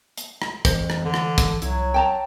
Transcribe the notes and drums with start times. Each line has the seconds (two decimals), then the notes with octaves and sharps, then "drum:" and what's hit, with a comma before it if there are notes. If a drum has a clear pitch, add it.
0.17 drum: hi-hat
0.42 drum: rim click
0.65 F2 E3 C5, drum: kick, hi-hat
0.90 drum: rim click
1.05 D3
1.14 drum: rim click
1.38 drum: kick, hi-hat
1.62 C2 F#3 E4, drum: hi-hat
1.94 G5 A5 A#5